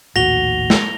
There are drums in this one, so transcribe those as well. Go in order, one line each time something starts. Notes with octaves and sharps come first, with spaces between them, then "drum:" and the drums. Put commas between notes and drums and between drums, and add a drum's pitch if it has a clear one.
A#1 D#2 A2 F#4 A#6 F7 G7
drum: snare